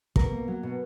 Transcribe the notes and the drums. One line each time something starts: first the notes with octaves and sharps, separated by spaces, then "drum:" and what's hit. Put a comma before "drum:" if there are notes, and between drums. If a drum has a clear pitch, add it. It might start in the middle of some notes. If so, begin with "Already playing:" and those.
B2 A#4, drum: kick
A#3
F#3
B2